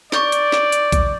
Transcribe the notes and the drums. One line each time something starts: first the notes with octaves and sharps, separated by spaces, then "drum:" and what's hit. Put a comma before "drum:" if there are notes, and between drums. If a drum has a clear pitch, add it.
D5 C#6 G6 A6, drum: snare
drum: hi-hat
drum: snare
drum: hi-hat
drum: kick A#1, hi-hat